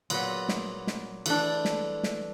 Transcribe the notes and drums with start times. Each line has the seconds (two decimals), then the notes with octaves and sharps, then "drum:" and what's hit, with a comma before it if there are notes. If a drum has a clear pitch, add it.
0.10 A#2 F#3 B3, drum: cymbal
0.49 drum: snare
0.87 drum: snare
1.26 E3 A3 D4, drum: cymbal
1.65 drum: snare
2.03 drum: snare